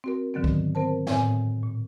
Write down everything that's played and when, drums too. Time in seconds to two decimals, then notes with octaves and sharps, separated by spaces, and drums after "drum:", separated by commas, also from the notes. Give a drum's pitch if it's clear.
0.04 C4 F#4 A#4
0.34 G#2 D3 D#3 F#3 B3 C4
0.44 drum: kick
0.75 C4 A#4 C5 A5
1.07 F#2 A2 C4 C#5 E5 G#5, drum: snare
1.63 A#2